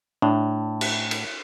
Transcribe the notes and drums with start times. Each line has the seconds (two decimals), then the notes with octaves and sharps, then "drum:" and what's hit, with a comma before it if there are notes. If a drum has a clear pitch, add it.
0.22 A2 D4
0.81 drum: cymbal
1.11 drum: cymbal